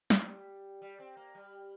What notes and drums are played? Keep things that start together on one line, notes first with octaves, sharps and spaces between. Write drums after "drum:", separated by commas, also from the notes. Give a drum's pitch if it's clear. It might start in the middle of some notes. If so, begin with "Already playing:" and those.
G3, drum: snare
G3
C4
A#3
G3